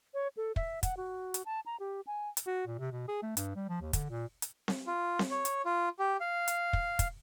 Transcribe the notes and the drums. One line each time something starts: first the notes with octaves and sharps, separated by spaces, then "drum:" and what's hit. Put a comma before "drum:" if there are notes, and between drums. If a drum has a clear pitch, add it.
C#5
A4
E5, drum: kick
F#5, drum: kick, hi-hat
F#4
drum: hi-hat
A5
A#5
G4
G#5
drum: hi-hat
F#4
A#2
C3
B2
G#4
A3
G2, drum: hi-hat
G3
F3
D#2
D3, drum: kick, hi-hat
A#2
drum: hi-hat
drum: snare C4
F4
drum: snare C4
C#5
drum: hi-hat
F4
G4
F5
drum: hi-hat
drum: kick
drum: kick, hi-hat